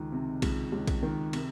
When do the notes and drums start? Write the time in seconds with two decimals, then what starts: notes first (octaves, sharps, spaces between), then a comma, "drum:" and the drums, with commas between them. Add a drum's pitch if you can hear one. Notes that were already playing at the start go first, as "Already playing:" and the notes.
Already playing: C#2 D#3
0.12 C3
0.42 C#2, drum: kick B1, cymbal
0.72 C#2
0.87 drum: kick B1, cymbal
1.03 D#3
1.33 C3, drum: cymbal